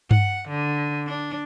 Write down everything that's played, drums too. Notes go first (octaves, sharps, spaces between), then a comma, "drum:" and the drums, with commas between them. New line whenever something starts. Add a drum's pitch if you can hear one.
F#5, drum: tom G2
D3
D4